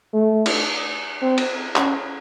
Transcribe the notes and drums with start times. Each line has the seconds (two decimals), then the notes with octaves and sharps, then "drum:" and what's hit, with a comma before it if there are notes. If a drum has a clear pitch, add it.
0.13 A3
0.46 drum: cymbal
1.22 C4
1.38 drum: cymbal
1.76 C#4, drum: clap